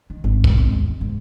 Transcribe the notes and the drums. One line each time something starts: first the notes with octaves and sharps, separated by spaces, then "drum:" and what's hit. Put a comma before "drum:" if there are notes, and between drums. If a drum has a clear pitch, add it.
D#3
G#1
F3, drum: kick
G#1
D#2
G#2